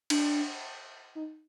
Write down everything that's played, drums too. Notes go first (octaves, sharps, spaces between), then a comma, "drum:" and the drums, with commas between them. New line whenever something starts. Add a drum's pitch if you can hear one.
D4, drum: cymbal
D#4